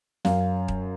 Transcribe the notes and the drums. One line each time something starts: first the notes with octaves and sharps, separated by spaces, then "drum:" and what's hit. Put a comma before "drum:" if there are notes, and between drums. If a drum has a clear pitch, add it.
F#2 F5, drum: snare
drum: kick D#1